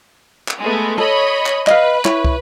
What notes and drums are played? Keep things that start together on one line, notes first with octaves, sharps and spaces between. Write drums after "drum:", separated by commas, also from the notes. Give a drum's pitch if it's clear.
drum: clap
G#3 A3 B3
A4 C#5 D#5 B5
drum: clap
B4 D#5 F5, drum: clap
E4 C#5, drum: clap
drum: kick